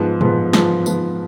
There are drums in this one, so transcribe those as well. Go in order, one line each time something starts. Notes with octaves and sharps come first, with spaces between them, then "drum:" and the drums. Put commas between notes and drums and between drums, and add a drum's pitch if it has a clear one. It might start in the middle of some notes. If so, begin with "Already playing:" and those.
Already playing: G#2 F3 B3
G#2 F3 B3, drum: tom
G#2 F3 B3, drum: snare
G#2 F3 B3, drum: tambourine